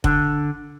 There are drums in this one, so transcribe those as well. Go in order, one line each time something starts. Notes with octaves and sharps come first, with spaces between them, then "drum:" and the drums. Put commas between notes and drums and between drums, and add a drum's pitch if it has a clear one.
D3, drum: kick F1